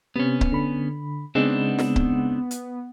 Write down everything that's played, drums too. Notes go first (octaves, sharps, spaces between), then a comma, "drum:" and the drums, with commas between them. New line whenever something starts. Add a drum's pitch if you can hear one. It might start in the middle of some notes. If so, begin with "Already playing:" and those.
C3 B3 C#4
drum: kick C#1
D3 B5
C#3 G#3 B3 C4 D4 D#4
drum: snare
drum: kick C#1
drum: hi-hat